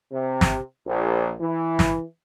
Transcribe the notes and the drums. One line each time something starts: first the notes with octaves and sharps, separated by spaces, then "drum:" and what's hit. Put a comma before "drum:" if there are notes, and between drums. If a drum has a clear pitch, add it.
C3
drum: snare
A#1
E3
drum: snare